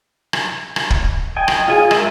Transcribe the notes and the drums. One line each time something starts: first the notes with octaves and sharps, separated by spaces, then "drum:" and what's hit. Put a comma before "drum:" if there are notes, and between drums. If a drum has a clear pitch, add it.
drum: rim click
drum: rim click
drum: kick
D#5 G5 G#5
drum: rim click
F4 G#4 D#5 G#5
G#3 A#4 E5, drum: rim click